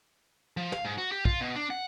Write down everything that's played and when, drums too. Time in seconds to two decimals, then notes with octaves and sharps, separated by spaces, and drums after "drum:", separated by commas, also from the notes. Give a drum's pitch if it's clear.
0.57 F3
0.72 F5, drum: snare
0.85 G#2
0.98 F#4
1.12 G4
1.25 F4, drum: kick
1.41 B2
1.56 D4
1.70 F#5